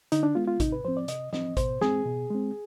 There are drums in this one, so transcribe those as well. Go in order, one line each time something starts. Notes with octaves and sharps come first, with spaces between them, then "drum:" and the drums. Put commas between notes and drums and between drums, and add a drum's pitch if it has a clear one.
D3 D#4, drum: hi-hat
D4
G#3 B3 F4
F4
C3 D#4, drum: kick A1, hi-hat
B4
F3 C4 C5
D5
C3 D#5, drum: hi-hat
F3 C4 D#5, drum: snare
B2 C5, drum: kick A1, hi-hat
G#3 C4 G#4, drum: snare
B2
G#3 C4